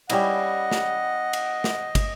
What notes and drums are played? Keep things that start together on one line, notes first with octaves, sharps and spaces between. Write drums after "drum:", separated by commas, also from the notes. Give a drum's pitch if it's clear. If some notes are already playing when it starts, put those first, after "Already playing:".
G3 C#4 E4 D#5 F#5, drum: cymbal
drum: snare
drum: cymbal
drum: snare
drum: kick, cymbal